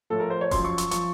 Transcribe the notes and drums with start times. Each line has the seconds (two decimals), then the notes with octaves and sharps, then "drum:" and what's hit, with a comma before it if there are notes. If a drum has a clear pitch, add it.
0.10 A2 F3 A4
0.20 A#4
0.30 C5
0.41 C#5
0.51 F#2 F3 C6, drum: kick E1, open hi-hat
0.64 C#6
0.78 C#6, drum: hi-hat
0.91 F3 C#6, drum: hi-hat